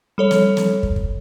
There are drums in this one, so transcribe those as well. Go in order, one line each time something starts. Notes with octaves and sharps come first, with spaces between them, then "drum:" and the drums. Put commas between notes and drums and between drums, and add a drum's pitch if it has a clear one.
G3 A4 C#5
drum: snare
drum: snare
drum: kick
drum: kick